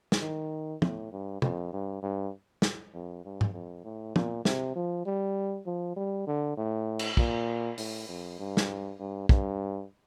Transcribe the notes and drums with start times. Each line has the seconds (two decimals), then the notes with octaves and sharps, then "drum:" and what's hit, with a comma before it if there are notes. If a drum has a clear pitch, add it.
0.12 drum: snare
0.21 D#3
0.82 A2, drum: tom
1.12 G2
1.42 F2, drum: tom
1.73 G2
2.03 G2
2.62 drum: snare
2.94 F2
3.25 G2
3.41 drum: tom G#2
3.54 F2
3.85 A2
4.16 A#2, drum: tom
4.45 C3, drum: snare
4.76 F3
5.06 G3
5.66 F3
5.96 G3
6.27 D3
6.57 A2
6.99 drum: cymbal
7.17 A#2, drum: kick
7.78 A2, drum: open hi-hat
8.09 F2
8.39 G2
8.57 drum: snare
9.00 G2
9.29 G2, drum: kick